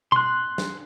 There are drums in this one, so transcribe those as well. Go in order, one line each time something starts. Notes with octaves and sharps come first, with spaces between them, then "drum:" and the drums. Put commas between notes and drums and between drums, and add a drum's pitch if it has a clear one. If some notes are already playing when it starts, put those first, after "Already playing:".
C6 F#6, drum: tom B2
drum: snare